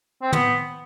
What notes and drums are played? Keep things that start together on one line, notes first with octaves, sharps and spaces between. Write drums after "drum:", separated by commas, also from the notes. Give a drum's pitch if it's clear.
C4
B3, drum: tom